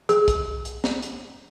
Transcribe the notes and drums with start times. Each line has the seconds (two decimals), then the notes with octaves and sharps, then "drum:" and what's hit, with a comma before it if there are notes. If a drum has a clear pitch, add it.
0.09 G#4, drum: hi-hat
0.28 drum: kick, hi-hat
0.65 drum: hi-hat
0.84 drum: snare
1.02 drum: hi-hat